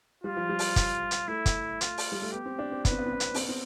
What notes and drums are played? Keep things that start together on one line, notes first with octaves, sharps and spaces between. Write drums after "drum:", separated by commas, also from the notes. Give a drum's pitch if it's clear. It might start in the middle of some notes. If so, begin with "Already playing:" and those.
G3 F4
F3
G3
drum: open hi-hat
drum: kick, hi-hat
drum: hi-hat
A3 E4
drum: kick, hi-hat
F4, drum: hi-hat
drum: open hi-hat
G3
A3
B3 G4
C4
D4
C4
B3 B4, drum: kick, hi-hat
C4
B3
C4
B3
C4, drum: hi-hat
B3
C4, drum: open hi-hat
B3
C4